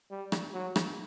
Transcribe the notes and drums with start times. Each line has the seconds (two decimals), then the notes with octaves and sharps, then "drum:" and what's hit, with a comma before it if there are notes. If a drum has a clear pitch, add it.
0.11 G3
0.32 drum: rim click
0.54 F#3
0.76 drum: rim click